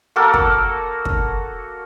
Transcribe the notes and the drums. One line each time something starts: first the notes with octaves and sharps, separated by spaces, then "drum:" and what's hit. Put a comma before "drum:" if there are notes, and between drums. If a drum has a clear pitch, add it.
A#3 F#4 A4 A#4
drum: kick
drum: kick